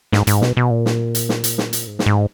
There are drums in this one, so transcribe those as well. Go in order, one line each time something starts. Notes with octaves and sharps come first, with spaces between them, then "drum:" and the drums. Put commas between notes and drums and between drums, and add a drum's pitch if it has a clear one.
G#2, drum: snare
G#2, drum: hi-hat
B2, drum: snare
B2
A#2
drum: snare
drum: hi-hat
drum: snare
drum: hi-hat
drum: snare
drum: hi-hat
G#2
A#2, drum: snare
G#2